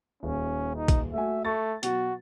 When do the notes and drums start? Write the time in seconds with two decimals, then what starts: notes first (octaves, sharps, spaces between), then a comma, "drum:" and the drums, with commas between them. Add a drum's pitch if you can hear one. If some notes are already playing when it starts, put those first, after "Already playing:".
0.23 D#1 C#4
0.76 D#4
0.88 drum: kick, hi-hat
1.14 A3 F#4 E5 G#5
1.45 A3 C#6 A6
1.83 B2 F#3 F#4, drum: hi-hat